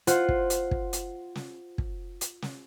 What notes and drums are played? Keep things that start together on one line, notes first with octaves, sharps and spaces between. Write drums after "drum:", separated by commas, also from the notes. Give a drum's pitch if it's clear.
F4 C5 F#5, drum: hi-hat
drum: kick
drum: hi-hat
drum: kick
drum: hi-hat
drum: snare
drum: kick
drum: hi-hat
drum: snare